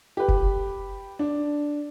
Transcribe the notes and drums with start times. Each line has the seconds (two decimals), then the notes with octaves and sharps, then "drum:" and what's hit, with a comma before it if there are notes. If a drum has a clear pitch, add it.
0.17 G4 B4
0.28 drum: kick F1
1.19 D4